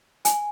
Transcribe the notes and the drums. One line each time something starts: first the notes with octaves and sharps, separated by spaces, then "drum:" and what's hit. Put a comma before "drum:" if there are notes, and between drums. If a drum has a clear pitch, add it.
G#5, drum: hi-hat